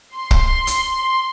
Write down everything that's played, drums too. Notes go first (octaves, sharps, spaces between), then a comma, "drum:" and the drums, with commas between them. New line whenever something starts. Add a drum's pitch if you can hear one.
C6
drum: kick
drum: hi-hat